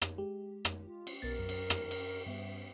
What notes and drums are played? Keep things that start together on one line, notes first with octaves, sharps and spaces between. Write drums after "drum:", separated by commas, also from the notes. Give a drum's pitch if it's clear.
drum: rim click
G#3 G4
drum: rim click
F4
drum: cymbal
B1 B3 A#4 A6
F#2
drum: cymbal
drum: rim click
drum: cymbal
G2 B3 E5